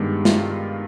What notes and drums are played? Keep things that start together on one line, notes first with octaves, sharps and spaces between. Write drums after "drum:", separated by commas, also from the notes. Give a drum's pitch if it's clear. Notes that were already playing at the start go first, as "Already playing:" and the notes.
Already playing: G2 D#3 G#3 B3 G4
F4, drum: snare